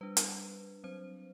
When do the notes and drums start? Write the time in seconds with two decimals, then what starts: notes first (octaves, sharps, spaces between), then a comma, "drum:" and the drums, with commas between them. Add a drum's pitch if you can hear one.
0.01 G3 D4 B4
0.17 drum: hi-hat
0.84 F#3 C4 C5